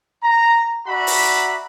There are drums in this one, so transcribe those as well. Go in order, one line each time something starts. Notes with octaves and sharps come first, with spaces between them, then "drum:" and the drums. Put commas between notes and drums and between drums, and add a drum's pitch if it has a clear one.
A#5
F#4 D5 E5 A#5 B5
drum: open hi-hat